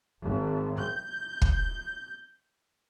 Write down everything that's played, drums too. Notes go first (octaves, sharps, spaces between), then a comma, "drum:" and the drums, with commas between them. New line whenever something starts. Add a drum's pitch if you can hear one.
G#1
G6
drum: kick